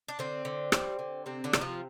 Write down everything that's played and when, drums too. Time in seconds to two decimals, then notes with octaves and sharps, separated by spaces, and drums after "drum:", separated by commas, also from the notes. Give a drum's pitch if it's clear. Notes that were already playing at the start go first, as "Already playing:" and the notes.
0.08 D4
0.19 D3 C4
0.45 D3
0.72 G3, drum: rim click
0.99 D3
1.26 C3 C4
1.44 D3 D4
1.53 C3, drum: rim click
1.61 F3 F4